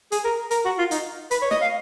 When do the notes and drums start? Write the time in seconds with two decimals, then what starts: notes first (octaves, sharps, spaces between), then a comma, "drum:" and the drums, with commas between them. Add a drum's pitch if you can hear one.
0.12 G#4, drum: hi-hat
0.25 A#4
0.51 A#4, drum: hi-hat
0.65 F#4
0.78 F4
0.91 D#4, drum: hi-hat
1.31 B4, drum: hi-hat
1.42 C#5
1.51 D#5, drum: snare
1.62 F5